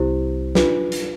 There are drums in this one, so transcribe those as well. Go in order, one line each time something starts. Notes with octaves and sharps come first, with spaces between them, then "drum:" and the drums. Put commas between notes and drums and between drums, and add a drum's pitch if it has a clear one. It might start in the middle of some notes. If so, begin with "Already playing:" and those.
Already playing: C2 C3 E4 G4 C5
D4 F4 B4, drum: snare
drum: hi-hat